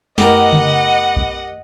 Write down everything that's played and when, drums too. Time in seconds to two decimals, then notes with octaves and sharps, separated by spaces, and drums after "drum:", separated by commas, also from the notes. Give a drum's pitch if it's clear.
0.18 F#2 A3 B3 G4 A#4 D#5 F#5, drum: snare
0.53 drum: tom C#3
1.16 drum: kick B1